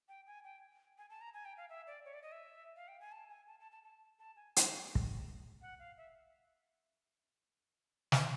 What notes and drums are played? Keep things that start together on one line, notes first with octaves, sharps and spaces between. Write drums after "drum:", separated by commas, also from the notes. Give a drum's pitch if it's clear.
G5
G#5
G5
G#5
A5
A#5
G#5
G5
F5
E5
D5
C#5
D5
D#5
E5
F5
G5
G#5
A5
G#5
A5
A5
A5
A5
A5
G#5
drum: hi-hat
drum: kick
F#5
F5
E5
drum: snare